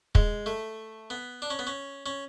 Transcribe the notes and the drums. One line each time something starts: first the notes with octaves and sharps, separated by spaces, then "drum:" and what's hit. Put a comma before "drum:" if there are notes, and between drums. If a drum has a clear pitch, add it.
G#3, drum: kick
A3
B3
D4
C#4
B3
C#4
C#4